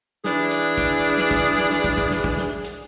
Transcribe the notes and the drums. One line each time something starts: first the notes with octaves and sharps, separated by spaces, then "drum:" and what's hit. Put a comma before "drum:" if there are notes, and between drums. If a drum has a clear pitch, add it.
E3 D4 G#4, drum: snare
drum: hi-hat
drum: kick, hi-hat
drum: hi-hat
drum: snare
drum: kick, hi-hat
drum: snare
drum: snare
drum: kick, hi-hat
drum: kick
drum: snare
drum: kick
drum: snare
drum: hi-hat